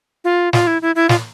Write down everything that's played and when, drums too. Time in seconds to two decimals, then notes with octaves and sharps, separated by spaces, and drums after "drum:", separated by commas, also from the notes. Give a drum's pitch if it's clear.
0.24 F4
0.53 F4, drum: snare
0.67 E4
0.82 E4
0.95 E4
1.09 F4, drum: snare